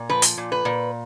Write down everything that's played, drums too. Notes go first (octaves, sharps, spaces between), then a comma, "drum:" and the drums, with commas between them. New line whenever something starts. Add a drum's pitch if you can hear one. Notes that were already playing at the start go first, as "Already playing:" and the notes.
Already playing: A#2
F3 B4
drum: hi-hat
A#2
B4
A#2